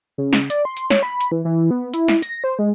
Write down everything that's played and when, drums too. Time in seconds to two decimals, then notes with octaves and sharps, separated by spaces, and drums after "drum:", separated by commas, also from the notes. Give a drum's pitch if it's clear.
0.18 C#3
0.33 drum: snare
0.50 D5, drum: hi-hat
0.65 C6
0.77 drum: hi-hat
0.90 C#5, drum: snare
1.03 B5
1.21 drum: hi-hat
1.31 E3
1.45 E3
1.71 B3
1.94 E4, drum: hi-hat
2.08 drum: snare
2.22 A#6, drum: hi-hat
2.44 C5
2.59 G#3